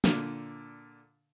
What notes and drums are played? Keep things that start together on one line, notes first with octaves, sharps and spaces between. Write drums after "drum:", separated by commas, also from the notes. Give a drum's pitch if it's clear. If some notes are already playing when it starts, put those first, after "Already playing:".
A#2 D3, drum: snare